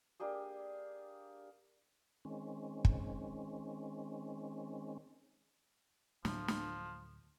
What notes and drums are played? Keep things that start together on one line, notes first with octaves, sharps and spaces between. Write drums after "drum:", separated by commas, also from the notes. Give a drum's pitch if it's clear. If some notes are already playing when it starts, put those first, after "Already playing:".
A#3 D4 G4 G#4
D#3 G#3 C4 C#4
drum: kick
D2 A2 F3 F#3, drum: snare
drum: snare